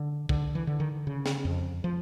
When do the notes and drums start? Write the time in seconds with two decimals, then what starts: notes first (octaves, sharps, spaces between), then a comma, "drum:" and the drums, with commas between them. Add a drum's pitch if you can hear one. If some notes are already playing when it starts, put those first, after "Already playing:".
Already playing: D3
0.29 D3, drum: kick
0.55 E3
0.67 D3
0.80 D#3
1.07 C#3
1.26 drum: snare
1.45 F2
1.84 F3